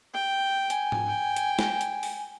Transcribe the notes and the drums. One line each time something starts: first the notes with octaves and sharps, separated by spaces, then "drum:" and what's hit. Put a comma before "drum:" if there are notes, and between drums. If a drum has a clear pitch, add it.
G5
G#5, drum: hi-hat
drum: tom G#2
G5
drum: hi-hat
drum: snare
drum: hi-hat
drum: open hi-hat